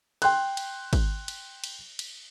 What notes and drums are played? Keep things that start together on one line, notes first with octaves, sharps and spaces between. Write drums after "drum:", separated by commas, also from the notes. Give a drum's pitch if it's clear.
G5 C6 F#6, drum: cymbal
drum: cymbal
drum: kick G#1, cymbal
drum: cymbal
drum: cymbal
drum: cymbal